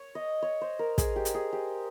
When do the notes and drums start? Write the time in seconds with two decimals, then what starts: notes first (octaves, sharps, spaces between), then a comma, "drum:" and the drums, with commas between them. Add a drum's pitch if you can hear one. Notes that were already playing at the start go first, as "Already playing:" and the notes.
Already playing: C#5
0.15 D#5
0.42 C#5
0.61 C5
0.79 A#4
0.98 G#4, drum: kick, hi-hat
1.16 G4
1.25 drum: hi-hat
1.34 G#4
1.53 G4